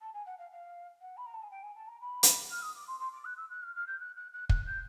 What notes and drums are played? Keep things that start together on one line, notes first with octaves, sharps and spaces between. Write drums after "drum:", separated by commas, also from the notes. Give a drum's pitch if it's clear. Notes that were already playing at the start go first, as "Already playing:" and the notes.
A5
G#5
F#5
F5
F5
F#5
B5
A#5
A5
G#5
G5
G#5
A5
A#5
B5
drum: hi-hat
F6
D#6
D6
C6
C6
D6
F#6
E6
F#6
F6
F6
G6
F#6
F#6
F#6
F#6, drum: kick
G6